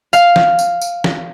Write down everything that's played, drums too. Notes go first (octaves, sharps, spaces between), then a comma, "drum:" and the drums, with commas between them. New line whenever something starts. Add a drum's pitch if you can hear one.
F5, drum: tambourine
drum: snare
drum: tambourine
drum: tambourine
drum: snare